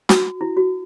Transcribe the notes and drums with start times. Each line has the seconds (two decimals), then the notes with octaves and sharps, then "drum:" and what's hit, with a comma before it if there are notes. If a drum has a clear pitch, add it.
0.09 F#4, drum: snare
0.41 E4
0.57 F#4